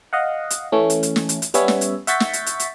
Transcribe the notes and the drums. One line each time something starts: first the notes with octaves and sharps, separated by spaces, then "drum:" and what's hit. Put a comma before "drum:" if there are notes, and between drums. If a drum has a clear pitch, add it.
D#5 F5 F#5
drum: hi-hat
E3 A3 C#4
drum: hi-hat
drum: hi-hat
drum: snare
drum: hi-hat
drum: hi-hat
G3 B3 C#4 C#5 E5, drum: hi-hat
drum: snare
drum: hi-hat
E5 F#5 C#6 G6 A6 B6, drum: hi-hat
drum: snare
drum: hi-hat
drum: hi-hat
drum: hi-hat